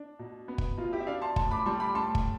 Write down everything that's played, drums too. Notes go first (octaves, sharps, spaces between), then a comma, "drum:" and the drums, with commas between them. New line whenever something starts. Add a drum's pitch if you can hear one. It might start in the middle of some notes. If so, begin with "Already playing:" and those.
Already playing: D4
B2
B3
drum: kick
B2 F4
E4 G4
E5
D4 D5 F5
A5 C6
A2 A5 C6, drum: kick
B5 D6
G3 A5 C6
B5 D6
A2 A5 C6
drum: kick